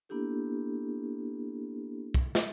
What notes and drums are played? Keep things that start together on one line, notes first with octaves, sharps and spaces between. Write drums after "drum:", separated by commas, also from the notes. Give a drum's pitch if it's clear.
A#3 B3 D4 E4 G4 A4
drum: kick
drum: snare